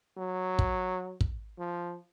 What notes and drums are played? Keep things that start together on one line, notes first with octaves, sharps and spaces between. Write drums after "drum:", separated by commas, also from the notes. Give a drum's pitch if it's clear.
F#3
drum: kick
drum: kick
F3